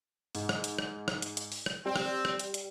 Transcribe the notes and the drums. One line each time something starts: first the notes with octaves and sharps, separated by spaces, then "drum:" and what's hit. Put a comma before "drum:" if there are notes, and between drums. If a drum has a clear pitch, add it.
G#2, drum: open hi-hat
drum: rim click
drum: hi-hat
drum: rim click
drum: rim click
drum: hi-hat
drum: hi-hat
drum: open hi-hat
drum: rim click
G3 C4
drum: rim click
drum: rim click
drum: hi-hat
drum: hi-hat